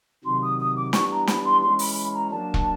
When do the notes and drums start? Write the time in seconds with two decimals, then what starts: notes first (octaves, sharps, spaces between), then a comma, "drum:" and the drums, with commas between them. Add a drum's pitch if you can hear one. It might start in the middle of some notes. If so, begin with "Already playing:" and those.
0.25 C3 D#3 F#3 C6
0.42 D#6
0.59 D#6
0.76 D6
0.93 E3 G3 B3 D4 C#6, drum: snare
1.11 A#5
1.27 B5, drum: snare
1.44 C6
1.62 E3 G#3 C#4 C6
1.79 B5, drum: open hi-hat
1.96 B5
2.14 A#5
2.30 F#3 A#3 D4 A5
2.54 drum: kick